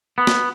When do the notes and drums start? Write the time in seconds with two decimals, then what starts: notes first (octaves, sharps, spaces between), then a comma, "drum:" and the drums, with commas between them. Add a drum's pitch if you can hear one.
0.18 B3
0.27 drum: snare